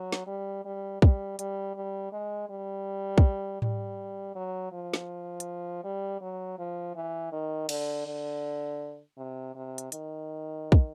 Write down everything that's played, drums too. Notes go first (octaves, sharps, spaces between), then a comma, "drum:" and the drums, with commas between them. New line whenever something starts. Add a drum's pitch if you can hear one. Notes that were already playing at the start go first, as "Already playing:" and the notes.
Already playing: F#3
drum: snare
G3
G3
G3, drum: kick
G3, drum: hi-hat
G3
G#3
G3
drum: kick
G3, drum: tom A2
F#3
F3
drum: snare
drum: hi-hat
G3
F#3
F3
E3
D#3
D3, drum: cymbal
D3
C3
C3
drum: hi-hat
D#3, drum: hi-hat
drum: kick